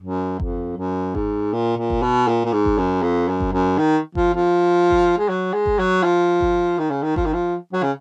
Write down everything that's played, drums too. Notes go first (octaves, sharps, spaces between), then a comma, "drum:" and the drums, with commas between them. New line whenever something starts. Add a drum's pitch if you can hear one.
F#2
F2, drum: kick G1
F#2
G#2, drum: kick G1
A#2
A#2
drum: kick G1
B2
A#2
A#2
G#2
drum: kick G1
F#2
F2
F#2
drum: kick G1
F#2
D#3
F3, drum: kick G1
F3
drum: kick G1
G#3
F#3
G#3
drum: kick G1
F#3
F3
drum: kick G1
D#3
C#3
D#3
F3, drum: kick G1
D#3
F3
F#3
C#3